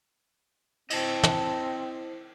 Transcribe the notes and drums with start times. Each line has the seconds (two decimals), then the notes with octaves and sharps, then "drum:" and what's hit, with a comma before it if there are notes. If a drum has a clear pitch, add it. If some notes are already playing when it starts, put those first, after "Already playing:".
0.90 C4 E4 C5 D#5 A5, drum: cymbal
1.23 drum: tom